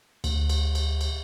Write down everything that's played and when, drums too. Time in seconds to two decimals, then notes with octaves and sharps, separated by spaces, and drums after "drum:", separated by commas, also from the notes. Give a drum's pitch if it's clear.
0.24 D2, drum: cymbal
0.49 drum: cymbal
0.75 drum: cymbal
1.01 drum: cymbal